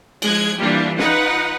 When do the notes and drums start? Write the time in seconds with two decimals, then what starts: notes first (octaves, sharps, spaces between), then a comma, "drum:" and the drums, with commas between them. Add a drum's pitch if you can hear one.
0.22 F3 G#3 F#6 G#6, drum: cymbal
0.59 E3 G3 A#3 D4 F4 G4
0.99 D#4 F4 B4 D#5 F#5, drum: snare